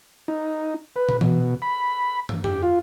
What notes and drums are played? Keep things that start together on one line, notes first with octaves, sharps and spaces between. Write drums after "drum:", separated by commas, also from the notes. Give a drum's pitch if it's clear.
D#4
B4
drum: tom
B2, drum: tom E3
B5
drum: tom
G4, drum: tom
F4